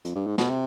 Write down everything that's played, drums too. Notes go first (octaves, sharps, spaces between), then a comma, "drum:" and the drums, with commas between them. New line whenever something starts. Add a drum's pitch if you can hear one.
F2, drum: hi-hat
G2
G#2
B2, drum: snare
C3